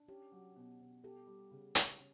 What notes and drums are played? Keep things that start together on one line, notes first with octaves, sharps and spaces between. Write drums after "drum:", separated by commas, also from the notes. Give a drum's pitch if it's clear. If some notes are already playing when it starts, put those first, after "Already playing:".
Already playing: D4
C#4 G4
F#3
B2
B2
G4 A4
G3
C#3
C#3, drum: hi-hat
C#4